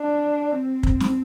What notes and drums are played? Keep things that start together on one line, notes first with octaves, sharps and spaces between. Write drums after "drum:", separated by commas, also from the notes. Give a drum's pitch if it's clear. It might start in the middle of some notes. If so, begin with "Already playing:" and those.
Already playing: D4
C4
drum: kick
drum: snare